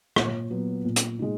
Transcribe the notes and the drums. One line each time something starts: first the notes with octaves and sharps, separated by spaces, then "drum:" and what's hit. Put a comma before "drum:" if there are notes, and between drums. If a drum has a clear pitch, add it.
A#2, drum: rim click
F#3 B3
A#2
drum: hi-hat
G#3 D#4